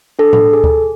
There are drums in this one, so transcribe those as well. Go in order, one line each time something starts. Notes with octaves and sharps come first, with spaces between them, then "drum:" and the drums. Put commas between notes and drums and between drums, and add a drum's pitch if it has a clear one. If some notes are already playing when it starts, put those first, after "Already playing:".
D4 A4
drum: tom A2
G#4
drum: kick D2